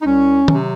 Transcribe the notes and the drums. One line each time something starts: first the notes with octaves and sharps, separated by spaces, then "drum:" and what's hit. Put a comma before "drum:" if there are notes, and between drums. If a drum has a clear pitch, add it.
D#4
C2 C#4
C3 F#3, drum: tom